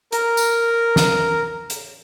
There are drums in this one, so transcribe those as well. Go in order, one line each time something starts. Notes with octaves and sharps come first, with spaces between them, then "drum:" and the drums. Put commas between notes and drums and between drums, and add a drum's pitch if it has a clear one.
A#4 A#5, drum: hi-hat
drum: tambourine
drum: snare
drum: hi-hat